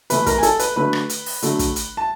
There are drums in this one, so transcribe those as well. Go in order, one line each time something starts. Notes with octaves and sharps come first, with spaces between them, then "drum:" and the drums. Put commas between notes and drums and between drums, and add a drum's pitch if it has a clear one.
C3 E3 A3 B4 B5, drum: hi-hat
A#4 A#5, drum: kick, hi-hat
G#5
A4 A5, drum: hi-hat
B4 B5, drum: hi-hat
D3 F#3 A3 B4 B5
drum: rim click
drum: hi-hat
drum: open hi-hat
D3 F#3 A3, drum: hi-hat
drum: kick, hi-hat
drum: hi-hat
A5